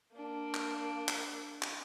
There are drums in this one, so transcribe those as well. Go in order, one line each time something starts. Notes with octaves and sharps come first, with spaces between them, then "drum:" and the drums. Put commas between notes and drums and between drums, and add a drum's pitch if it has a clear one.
A#3 D4
drum: clap
drum: clap
drum: clap